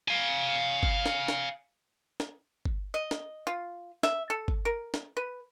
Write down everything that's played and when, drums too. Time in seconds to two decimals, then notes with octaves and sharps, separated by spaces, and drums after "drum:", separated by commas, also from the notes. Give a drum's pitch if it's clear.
0.08 F5 G#5
0.83 drum: kick G1
1.06 drum: snare
1.28 drum: snare
2.20 drum: snare
2.65 drum: kick G1
2.94 D#5
3.11 drum: snare
3.47 F4
4.03 E5, drum: snare
4.30 A4
4.48 drum: kick G1
4.65 A#4
4.94 drum: snare
5.17 B4